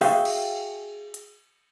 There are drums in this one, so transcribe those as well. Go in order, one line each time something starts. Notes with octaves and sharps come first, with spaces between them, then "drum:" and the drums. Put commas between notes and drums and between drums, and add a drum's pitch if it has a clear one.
F#4 G#4 E5 F5 G5, drum: open hi-hat
drum: cymbal
drum: hi-hat